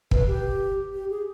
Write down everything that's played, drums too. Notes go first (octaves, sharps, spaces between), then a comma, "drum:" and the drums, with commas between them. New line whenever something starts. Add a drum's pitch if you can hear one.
B4, drum: kick
G4
G4
G#4